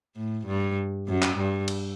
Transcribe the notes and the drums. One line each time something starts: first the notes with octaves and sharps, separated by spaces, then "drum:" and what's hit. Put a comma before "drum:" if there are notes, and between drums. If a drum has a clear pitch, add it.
A2
G2
F#2
drum: clap
G2
drum: cymbal